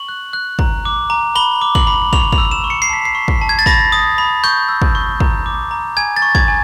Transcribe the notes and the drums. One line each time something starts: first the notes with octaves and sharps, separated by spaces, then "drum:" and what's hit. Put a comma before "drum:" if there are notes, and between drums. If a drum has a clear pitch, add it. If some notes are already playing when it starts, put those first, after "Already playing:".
Already playing: C#6 F#7
F#6
F#6
A#5, drum: kick
D6
A#5
B5 G7
D6
F#7, drum: kick
B5
C#6 F7, drum: kick
F7, drum: kick
E6
E7
C#6
C#7
C7
A5 B6
C7
C#6
drum: kick
A5
G#6
A6
B5 A#6, drum: kick
D#6
B5
C#6 G6
E6
drum: kick
C#6
A#5, drum: kick
D6
A#5
G#5 G#6
A6
C#6
G#6, drum: kick
G#5